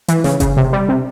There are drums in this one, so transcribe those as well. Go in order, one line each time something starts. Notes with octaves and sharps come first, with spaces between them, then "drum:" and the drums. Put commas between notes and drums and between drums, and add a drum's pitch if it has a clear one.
E3, drum: hi-hat
C#3, drum: snare
C#3, drum: kick F#1, hi-hat
C3
G3
C3